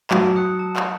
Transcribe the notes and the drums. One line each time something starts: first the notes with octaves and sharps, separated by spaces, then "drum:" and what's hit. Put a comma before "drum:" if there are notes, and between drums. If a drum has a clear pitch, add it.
F#3 A5, drum: clap
D#6 F#6 C#7
A5
drum: clap